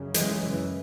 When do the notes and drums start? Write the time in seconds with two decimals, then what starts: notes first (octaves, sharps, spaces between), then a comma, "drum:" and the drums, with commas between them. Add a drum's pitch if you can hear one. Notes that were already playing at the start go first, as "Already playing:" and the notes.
Already playing: F#2 C#3
0.14 E3 G#3, drum: hi-hat
0.43 C#3 E3